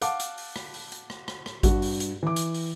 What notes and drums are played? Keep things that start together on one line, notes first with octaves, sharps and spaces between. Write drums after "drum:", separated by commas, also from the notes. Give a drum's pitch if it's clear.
F5 F#5 A5 D6, drum: hi-hat
drum: hi-hat
drum: open hi-hat
drum: rim click
drum: open hi-hat
drum: hi-hat
drum: rim click
drum: rim click
drum: rim click
G2 F#4, drum: kick G#1, hi-hat
drum: open hi-hat
drum: hi-hat
E3 D6
drum: hi-hat
drum: open hi-hat